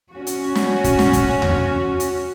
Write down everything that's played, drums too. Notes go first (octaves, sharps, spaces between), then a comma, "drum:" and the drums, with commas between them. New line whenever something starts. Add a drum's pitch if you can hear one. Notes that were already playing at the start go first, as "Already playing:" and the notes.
C#4 F#4
drum: hi-hat
drum: snare
drum: kick, hi-hat
drum: snare
drum: kick, hi-hat
drum: tom D#2
drum: hi-hat